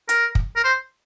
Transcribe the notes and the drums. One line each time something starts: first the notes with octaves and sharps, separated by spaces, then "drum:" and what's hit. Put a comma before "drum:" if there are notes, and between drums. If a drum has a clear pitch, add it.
A#4, drum: hi-hat
drum: kick
A#4
C5